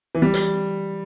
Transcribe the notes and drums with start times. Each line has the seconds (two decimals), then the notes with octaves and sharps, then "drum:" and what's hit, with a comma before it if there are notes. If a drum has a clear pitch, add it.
0.15 E3
0.22 G3
0.34 drum: hi-hat